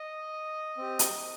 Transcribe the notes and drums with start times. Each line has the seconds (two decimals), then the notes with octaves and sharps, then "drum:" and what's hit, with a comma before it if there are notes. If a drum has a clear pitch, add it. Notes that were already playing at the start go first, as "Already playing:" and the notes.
Already playing: D#5
0.77 C4 G4
0.99 drum: hi-hat